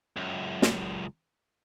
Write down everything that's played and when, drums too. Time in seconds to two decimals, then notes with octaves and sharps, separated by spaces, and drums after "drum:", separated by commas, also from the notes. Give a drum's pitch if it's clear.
0.17 C#2 F#2
0.62 drum: snare